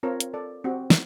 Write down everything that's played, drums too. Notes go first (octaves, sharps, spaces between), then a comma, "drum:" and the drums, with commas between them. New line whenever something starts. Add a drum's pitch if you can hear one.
C4 F4 A#4 C#5
drum: hi-hat
A4 D5
C4 F#4 G4
drum: snare